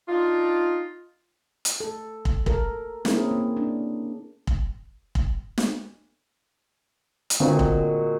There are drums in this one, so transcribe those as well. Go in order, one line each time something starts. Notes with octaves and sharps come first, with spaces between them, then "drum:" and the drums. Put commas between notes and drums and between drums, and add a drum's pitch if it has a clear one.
D4 D#4 F4
drum: hi-hat
A4
drum: kick
A4 A#4, drum: kick
A#3 C4 C#4 E4 G#4 A#4, drum: snare
A#3
D4
drum: kick
drum: kick
drum: snare
drum: hi-hat
A#2 D3 F#3 G#3 C4
drum: kick